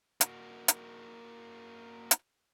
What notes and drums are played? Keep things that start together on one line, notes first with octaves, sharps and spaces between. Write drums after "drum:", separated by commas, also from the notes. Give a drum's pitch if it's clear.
A#3 F#4, drum: hi-hat
drum: hi-hat
drum: hi-hat